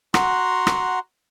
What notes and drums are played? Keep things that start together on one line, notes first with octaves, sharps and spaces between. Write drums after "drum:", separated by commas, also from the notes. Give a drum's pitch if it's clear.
F#4 F#5 A#5 C6, drum: rim click
drum: rim click